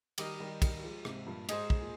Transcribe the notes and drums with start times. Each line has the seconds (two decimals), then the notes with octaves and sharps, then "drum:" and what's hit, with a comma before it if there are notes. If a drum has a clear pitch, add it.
0.18 D#3 G3 G4 A#4 D#5, drum: cymbal
0.40 D#3 G3
0.62 D#3 G3, drum: kick, cymbal
0.83 F3 G#3
1.05 G#2 C3, drum: rim click
1.27 G2 A#2
1.49 G#2 D#4 G#4 C5, drum: cymbal
1.70 drum: kick
1.81 A#2